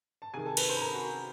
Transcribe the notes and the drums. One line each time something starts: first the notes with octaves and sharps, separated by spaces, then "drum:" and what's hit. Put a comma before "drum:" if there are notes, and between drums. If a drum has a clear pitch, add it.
A5
C3 D#3 G#4 G#5
A4 A5
B4 B5, drum: cymbal
C5 C6
B5
A#4 A#5
F#4 F#5